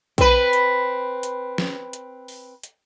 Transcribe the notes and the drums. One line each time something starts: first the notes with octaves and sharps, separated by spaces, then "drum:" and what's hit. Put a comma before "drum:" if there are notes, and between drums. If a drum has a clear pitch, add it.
C4 B4, drum: kick A#1, hi-hat
drum: hi-hat
drum: hi-hat
drum: snare
drum: hi-hat
drum: open hi-hat
drum: hi-hat